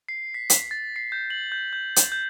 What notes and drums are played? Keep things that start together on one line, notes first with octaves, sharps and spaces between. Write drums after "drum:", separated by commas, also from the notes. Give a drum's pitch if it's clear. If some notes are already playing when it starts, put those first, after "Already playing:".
C7
B6
B6, drum: hi-hat
A6
C7
G6
F#7
G6
G6
drum: hi-hat
G6